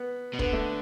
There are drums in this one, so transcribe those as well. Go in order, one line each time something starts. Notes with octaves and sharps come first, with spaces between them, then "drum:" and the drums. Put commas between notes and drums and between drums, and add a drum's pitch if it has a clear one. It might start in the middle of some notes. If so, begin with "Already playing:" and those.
Already playing: B3
B2
D3 B3, drum: kick
A3